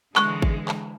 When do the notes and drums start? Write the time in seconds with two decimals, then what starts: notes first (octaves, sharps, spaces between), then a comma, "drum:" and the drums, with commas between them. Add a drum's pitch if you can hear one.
0.16 D3 E3 G#3 C#6 F#6, drum: clap
0.42 drum: kick G#1
0.68 drum: clap